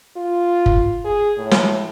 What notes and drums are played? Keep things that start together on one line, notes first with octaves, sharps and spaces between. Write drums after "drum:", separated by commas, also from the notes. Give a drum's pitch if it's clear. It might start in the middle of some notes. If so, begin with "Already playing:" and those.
F4
drum: kick
G#4
A2
drum: snare